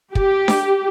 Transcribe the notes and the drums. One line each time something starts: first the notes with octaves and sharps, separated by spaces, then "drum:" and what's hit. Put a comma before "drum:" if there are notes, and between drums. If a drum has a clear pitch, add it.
G4, drum: kick
drum: snare D4